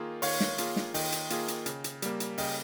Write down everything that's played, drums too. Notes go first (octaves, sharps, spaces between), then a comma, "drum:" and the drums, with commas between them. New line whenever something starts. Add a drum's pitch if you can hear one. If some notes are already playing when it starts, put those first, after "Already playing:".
Already playing: D#3 A#3 F4 G#4
D#3 C#5 F5, drum: open hi-hat
drum: snare
A#3 F4 G#4, drum: hi-hat
drum: snare
D#3 D#5 G5, drum: open hi-hat
drum: hi-hat
A#3 F4 G#4, drum: hi-hat
drum: hi-hat
C#3, drum: hi-hat
drum: hi-hat
G3 A#3, drum: hi-hat
drum: hi-hat
C#3 D#5 G5, drum: open hi-hat